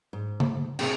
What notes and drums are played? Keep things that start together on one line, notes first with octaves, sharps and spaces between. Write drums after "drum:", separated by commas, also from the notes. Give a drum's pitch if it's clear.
G#2
drum: tom C#3
C3 A3 C4 G#4 A#4 G5, drum: cymbal